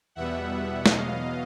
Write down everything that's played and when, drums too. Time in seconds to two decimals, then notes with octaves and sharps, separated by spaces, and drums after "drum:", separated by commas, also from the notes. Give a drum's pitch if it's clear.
0.15 E2 B2 G3 B3 E5 F#5
0.86 E2 B2 F#3 B3 D#5 F5, drum: snare